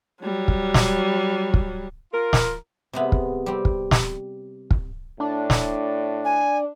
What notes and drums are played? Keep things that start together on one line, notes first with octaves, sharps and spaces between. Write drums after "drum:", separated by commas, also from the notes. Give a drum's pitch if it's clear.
F#3 G3
drum: kick
drum: snare
drum: kick
F4 A#4
drum: snare
C3 G#3 B3
drum: kick
G3 C4
drum: kick
drum: snare
drum: kick
A2 D4
drum: snare
G#5